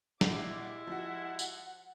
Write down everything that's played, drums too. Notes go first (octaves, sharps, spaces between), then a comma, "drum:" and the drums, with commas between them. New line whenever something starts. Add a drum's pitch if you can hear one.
A#1 G3 G#3 E4 F#4 D6 C7, drum: snare
F3 F#4 F#5
drum: tambourine